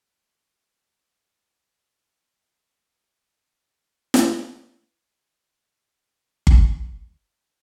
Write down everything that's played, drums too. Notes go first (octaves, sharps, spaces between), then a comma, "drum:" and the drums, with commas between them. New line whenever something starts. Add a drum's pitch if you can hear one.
C2
G#1 G#2 A3 G6 C#7
drum: snare
D2 C5 C#6
drum: kick G1
G2 F#3 F#4